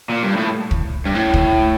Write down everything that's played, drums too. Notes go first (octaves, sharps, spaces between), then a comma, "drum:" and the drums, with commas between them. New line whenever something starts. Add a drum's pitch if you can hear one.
A#2
G2
A2
drum: kick
G2
A2
drum: kick